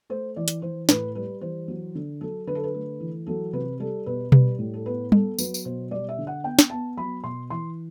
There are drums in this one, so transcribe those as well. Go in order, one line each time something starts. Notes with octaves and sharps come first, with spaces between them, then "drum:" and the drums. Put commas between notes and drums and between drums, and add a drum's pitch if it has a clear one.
A3 C5
E3 D5
drum: hi-hat
E3 C5
A2 B4, drum: snare
G3 B4
E3 C5
F#3
D3
F#3 A4
D3 B4
A4
B4
A3
E3
F#3 A4
C3 B4
G3 A4
B2 B4
G3 B4, drum: tom B2
A2
A4
B3 B4
B3 A4, drum: tom G3
F#3 B4, drum: tambourine
drum: tambourine
B2 C5
G3 D5
E5
D3
F#5
B3 G5
drum: snare
B3 A5
F#3 B5
B2 C6
E3 C6